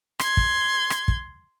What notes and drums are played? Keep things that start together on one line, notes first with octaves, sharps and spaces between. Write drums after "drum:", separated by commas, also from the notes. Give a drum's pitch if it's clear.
C6 G#6, drum: rim click
drum: kick
drum: rim click
drum: kick